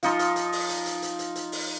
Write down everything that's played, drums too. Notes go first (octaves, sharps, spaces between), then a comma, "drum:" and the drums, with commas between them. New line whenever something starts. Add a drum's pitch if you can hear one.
F3 D#4 F4, drum: hi-hat
drum: hi-hat
drum: hi-hat
drum: open hi-hat
drum: hi-hat
drum: hi-hat
drum: hi-hat
drum: hi-hat
drum: hi-hat
drum: open hi-hat